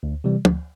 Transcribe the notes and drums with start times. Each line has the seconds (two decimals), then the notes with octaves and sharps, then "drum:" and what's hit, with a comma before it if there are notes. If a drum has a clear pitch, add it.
0.03 D2
0.24 C3 E3 G3
0.45 D2, drum: tom